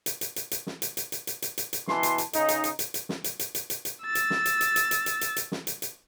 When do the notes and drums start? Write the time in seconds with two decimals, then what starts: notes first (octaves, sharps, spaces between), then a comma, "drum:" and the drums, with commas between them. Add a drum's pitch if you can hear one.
0.06 drum: hi-hat
0.21 drum: hi-hat
0.36 drum: hi-hat
0.51 drum: hi-hat
0.67 drum: snare
0.82 drum: hi-hat
0.97 drum: hi-hat
1.12 drum: hi-hat
1.27 drum: hi-hat
1.42 drum: hi-hat
1.58 drum: hi-hat
1.73 drum: hi-hat
1.87 B2 E3 A5 C6, drum: snare
2.03 drum: hi-hat
2.18 drum: hi-hat
2.33 C#3 D#4, drum: hi-hat
2.48 drum: hi-hat
2.64 drum: hi-hat
2.79 drum: hi-hat
2.94 drum: hi-hat
3.09 drum: snare
3.24 drum: hi-hat
3.39 drum: hi-hat
3.55 drum: hi-hat
3.70 drum: hi-hat
3.85 drum: hi-hat
4.03 E6 A6
4.15 drum: hi-hat
4.30 drum: snare
4.46 drum: hi-hat
4.61 drum: hi-hat
4.76 drum: hi-hat
4.91 drum: hi-hat
5.06 drum: hi-hat
5.21 drum: hi-hat
5.36 drum: hi-hat
5.52 drum: snare
5.67 drum: hi-hat
5.82 drum: hi-hat